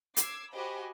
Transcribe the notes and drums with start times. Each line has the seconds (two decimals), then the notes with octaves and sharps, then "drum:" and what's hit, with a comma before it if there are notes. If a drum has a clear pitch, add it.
0.17 D6 E6 G#6 C7, drum: hi-hat
0.53 F#4 G4 C5 D#5 G#5 B5